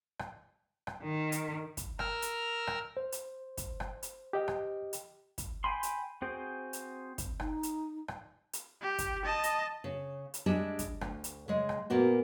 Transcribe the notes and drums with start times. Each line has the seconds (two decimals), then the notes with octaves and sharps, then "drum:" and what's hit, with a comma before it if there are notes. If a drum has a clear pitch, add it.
0.19 drum: rim click
0.87 drum: rim click
1.05 D#3
1.32 drum: hi-hat
1.77 drum: kick, hi-hat
1.99 A#4 E6 F6, drum: rim click
2.22 drum: hi-hat
2.67 drum: rim click
2.97 C5
3.12 drum: hi-hat
3.57 drum: kick, hi-hat
3.80 drum: rim click
4.03 drum: hi-hat
4.33 G4 D#5 G5
4.48 drum: rim click
4.93 drum: hi-hat
5.38 drum: kick, hi-hat
5.64 G5 G#5 B5 C6
5.83 drum: hi-hat
6.22 C4 F#4 G#4 C5 G5
6.73 drum: hi-hat
7.18 drum: kick, hi-hat
7.40 D#4, drum: rim click
7.63 drum: hi-hat
8.08 drum: rim click
8.53 drum: hi-hat
8.82 G4
8.98 drum: kick, hi-hat
9.25 D#5 A5
9.44 drum: hi-hat
9.84 C#3
10.34 drum: hi-hat
10.46 G3 G#3 D4 G#4 E5
10.79 drum: kick, hi-hat
11.01 D2, drum: rim click
11.24 drum: hi-hat
11.48 C#3 G#3
11.69 drum: rim click
11.90 A#2 A#3 B3 F#4